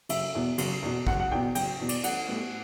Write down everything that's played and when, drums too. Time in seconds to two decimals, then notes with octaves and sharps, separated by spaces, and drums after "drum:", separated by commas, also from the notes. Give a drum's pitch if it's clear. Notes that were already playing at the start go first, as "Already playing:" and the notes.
0.09 F#1 E5, drum: cymbal
0.35 E2 B2
0.58 F#1, drum: cymbal
0.83 E2 B2
1.07 F#1 F#5, drum: kick
1.20 F#5
1.32 E2 B2 G5
1.55 F#1 G5, drum: cymbal
1.80 E2 B2
1.89 D5, drum: cymbal
2.04 A1 F#5, drum: cymbal
2.28 A2 G3 B3